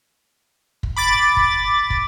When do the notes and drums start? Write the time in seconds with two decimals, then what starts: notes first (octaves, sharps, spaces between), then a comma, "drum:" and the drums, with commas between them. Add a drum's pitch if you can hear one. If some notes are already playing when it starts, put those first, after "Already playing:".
0.83 drum: kick
0.96 B5 D6 A6
1.37 drum: kick
1.90 drum: kick